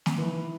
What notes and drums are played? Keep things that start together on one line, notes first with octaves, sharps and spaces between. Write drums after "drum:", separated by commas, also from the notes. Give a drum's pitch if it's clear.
drum: snare
E3